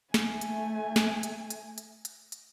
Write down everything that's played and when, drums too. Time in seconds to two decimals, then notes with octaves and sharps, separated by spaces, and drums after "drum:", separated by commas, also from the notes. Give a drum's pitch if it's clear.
0.14 A3 G#5, drum: snare
0.41 drum: hi-hat
0.96 drum: snare
1.23 drum: hi-hat
1.50 drum: hi-hat
1.78 drum: hi-hat
2.05 drum: hi-hat
2.32 drum: hi-hat